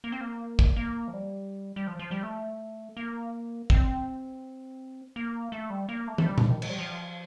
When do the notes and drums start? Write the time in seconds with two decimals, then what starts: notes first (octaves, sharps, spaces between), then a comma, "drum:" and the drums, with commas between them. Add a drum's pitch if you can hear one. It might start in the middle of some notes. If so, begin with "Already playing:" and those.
0.04 A#3
0.12 C4
0.21 A#3
0.59 drum: kick
0.76 A#3
1.08 F3
1.13 G3
1.76 G3
1.87 F3
1.99 F3
2.11 G3
2.23 A3
2.97 A#3
3.70 C4, drum: kick
5.16 A#3
5.52 A3
5.70 G3
5.89 A#3
6.07 A3
6.18 A3, drum: tom
6.26 G3
6.38 F3, drum: tom A#2
6.50 D#3
6.62 F3, drum: cymbal
6.69 G3
6.79 F3